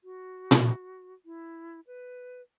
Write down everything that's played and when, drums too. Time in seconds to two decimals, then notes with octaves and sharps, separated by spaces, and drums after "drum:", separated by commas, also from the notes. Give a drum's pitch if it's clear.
0.04 F#4
0.51 drum: tom A#2
1.26 E4
1.87 B4